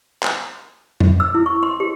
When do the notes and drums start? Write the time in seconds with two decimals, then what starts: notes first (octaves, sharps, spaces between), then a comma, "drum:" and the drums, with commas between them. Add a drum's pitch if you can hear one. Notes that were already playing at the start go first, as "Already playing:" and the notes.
0.23 drum: clap
1.00 drum: tom F2
1.20 E6
1.34 E4
1.46 C#6
1.63 C6
1.80 G4